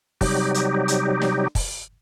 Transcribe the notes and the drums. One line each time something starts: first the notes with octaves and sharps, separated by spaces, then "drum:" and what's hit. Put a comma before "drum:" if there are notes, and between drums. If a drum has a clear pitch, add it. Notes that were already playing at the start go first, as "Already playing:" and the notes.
C3 F#3 G3 D#4 G4, drum: kick, open hi-hat
drum: hi-hat
drum: hi-hat
drum: snare
drum: kick, open hi-hat